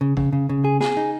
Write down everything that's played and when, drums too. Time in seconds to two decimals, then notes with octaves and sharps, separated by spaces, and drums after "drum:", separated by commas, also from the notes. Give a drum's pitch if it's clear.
0.01 C#3
0.17 C#3, drum: kick G#1
0.33 C#3
0.49 C#3
0.64 G#4
0.81 G#4, drum: snare
0.97 D#4